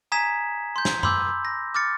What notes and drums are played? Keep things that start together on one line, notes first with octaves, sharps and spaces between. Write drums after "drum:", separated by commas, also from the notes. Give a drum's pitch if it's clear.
G#5 A#5 D#6 G#6 B6 E7
C6 G6
drum: snare
B5 C6 D6 E6 G6, drum: tom F#2
A#6
D6 F6 A6 C#7